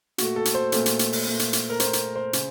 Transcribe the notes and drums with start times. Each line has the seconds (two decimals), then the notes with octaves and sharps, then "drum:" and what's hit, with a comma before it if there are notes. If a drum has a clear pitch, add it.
0.18 A#2 A3 F#4, drum: hi-hat
0.36 A4
0.45 drum: hi-hat
0.54 C5
0.72 A#2 A3, drum: hi-hat
0.86 drum: hi-hat
0.99 drum: hi-hat
1.13 drum: open hi-hat
1.27 A#2 A3
1.39 drum: hi-hat
1.53 drum: hi-hat
1.70 A#4
1.80 A#2 A3 C5, drum: hi-hat
1.93 drum: hi-hat
2.16 C5
2.33 C#3, drum: hi-hat